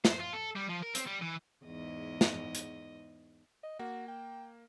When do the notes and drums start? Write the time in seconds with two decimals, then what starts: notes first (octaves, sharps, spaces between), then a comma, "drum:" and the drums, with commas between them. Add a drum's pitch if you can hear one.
0.05 C5, drum: snare
0.20 F4
0.33 A4
0.56 G3
0.69 F3
0.82 A#4
0.95 C4, drum: hi-hat
1.07 G3
1.22 E3
1.65 E2 G#2 D#5
2.21 drum: snare
2.55 drum: hi-hat
3.64 D#5
3.79 A#3 F#4
4.08 G5